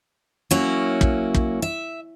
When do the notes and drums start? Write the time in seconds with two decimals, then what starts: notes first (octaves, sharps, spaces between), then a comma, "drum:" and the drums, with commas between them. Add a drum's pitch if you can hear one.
0.51 F#3 A#3 C#4 E4
1.01 drum: kick
1.34 drum: kick
1.62 E5